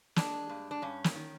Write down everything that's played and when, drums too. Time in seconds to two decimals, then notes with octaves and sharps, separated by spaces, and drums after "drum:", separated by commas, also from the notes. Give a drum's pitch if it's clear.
0.16 G#3 D4, drum: snare
0.49 G2
0.71 D4
0.82 G2 C#4
1.04 drum: snare
1.15 D#3